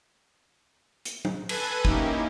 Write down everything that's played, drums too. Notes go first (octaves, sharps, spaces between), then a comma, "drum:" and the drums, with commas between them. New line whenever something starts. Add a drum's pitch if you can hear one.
drum: hi-hat
drum: tom F#3
A4 B4 G#5 F#6 D#7, drum: cymbal
A#3 C#4 D#4 E4 G4, drum: kick